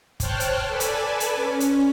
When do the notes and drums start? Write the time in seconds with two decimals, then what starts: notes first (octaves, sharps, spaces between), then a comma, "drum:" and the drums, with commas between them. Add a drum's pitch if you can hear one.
0.20 C5 C#5 G5 A5 F6 F#6, drum: kick, hi-hat
0.40 drum: hi-hat
0.68 A4 B4 D5 G#5 A5
0.80 drum: hi-hat
1.20 drum: hi-hat
1.35 C#4
1.60 drum: hi-hat